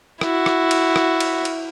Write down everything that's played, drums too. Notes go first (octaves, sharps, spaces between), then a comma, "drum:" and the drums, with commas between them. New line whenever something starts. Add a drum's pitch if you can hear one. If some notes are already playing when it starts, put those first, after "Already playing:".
E4 F#4, drum: rim click
drum: rim click
drum: cymbal
drum: rim click
drum: cymbal
drum: cymbal